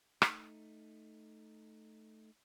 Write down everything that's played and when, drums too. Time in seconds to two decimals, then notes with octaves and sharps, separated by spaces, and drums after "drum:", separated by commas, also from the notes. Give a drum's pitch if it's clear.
0.22 A3 D#4, drum: rim click